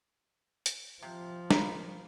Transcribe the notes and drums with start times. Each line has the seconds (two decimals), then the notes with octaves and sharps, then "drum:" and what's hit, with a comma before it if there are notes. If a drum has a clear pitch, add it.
0.66 drum: hi-hat
1.03 C3 F3
1.50 A#3 A#4 B5, drum: snare